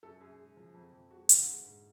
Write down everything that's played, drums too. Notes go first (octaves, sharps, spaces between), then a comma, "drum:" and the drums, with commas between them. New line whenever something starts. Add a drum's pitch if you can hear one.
F#2 A4
F#2 G#4
G#3
F3
F2
F2
G#3 F#4
D3, drum: hi-hat
G#3
G#2